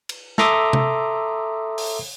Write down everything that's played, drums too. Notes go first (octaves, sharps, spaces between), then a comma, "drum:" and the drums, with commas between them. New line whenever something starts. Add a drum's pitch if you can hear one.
drum: cymbal
A4 E5 A#5 C6 D6 D#6, drum: snare
drum: tom C3
drum: open hi-hat